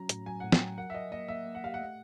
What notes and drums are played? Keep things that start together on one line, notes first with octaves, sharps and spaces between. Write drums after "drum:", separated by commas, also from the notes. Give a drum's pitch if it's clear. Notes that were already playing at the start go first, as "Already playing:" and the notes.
Already playing: F#3 C#4 F#4 A#5
A2, drum: hi-hat
F#3 G#5
A2 F#5
G5, drum: snare
F#3
A#4 F#5
E5
A#4 D#5
A#3 D#5
A#3 E5
A#3
F#5
G4 F5
F#5
A3